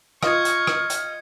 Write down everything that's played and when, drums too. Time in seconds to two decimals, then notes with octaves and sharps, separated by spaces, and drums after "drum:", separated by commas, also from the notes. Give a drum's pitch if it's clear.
0.23 F4 D#5 C#6 F6 G#6 C#7, drum: rim click
0.45 drum: hi-hat
0.67 drum: rim click
0.90 drum: hi-hat